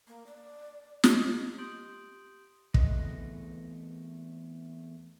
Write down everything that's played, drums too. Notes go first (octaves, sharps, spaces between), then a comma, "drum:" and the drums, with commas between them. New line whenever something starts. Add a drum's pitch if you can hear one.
A#3
D5
D#5, drum: snare
G4 C6 D#6 G6 D7 F#7
E2 A3 C4 B4 D#5, drum: kick